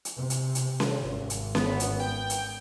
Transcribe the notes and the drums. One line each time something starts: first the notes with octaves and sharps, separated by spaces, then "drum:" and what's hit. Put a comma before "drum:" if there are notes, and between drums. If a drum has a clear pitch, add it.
drum: hi-hat
C3
drum: hi-hat
drum: hi-hat
drum: snare C#4
G#1
drum: hi-hat
B3, drum: snare C#4
drum: hi-hat
G5
drum: hi-hat